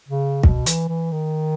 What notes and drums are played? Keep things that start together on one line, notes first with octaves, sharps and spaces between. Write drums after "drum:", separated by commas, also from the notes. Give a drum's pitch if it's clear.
C#3
B2, drum: kick
E3, drum: hi-hat
E3
D#3